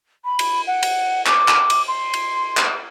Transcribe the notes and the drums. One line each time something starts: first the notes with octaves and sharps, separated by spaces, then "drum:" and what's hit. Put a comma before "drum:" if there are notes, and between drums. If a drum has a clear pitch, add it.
B5
drum: cymbal
F#5
drum: cymbal
D6, drum: clap
drum: clap
drum: cymbal
C6
drum: cymbal
drum: clap